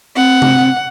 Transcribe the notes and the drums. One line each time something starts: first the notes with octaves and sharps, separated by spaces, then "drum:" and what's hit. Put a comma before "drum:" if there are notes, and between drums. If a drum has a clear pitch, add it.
C4 F#5
drum: tom C3